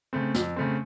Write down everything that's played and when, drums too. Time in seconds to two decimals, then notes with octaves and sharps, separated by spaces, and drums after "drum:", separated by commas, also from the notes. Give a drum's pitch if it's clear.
0.13 C#3 A3 C4
0.34 F2, drum: snare
0.56 C#3 A3 C4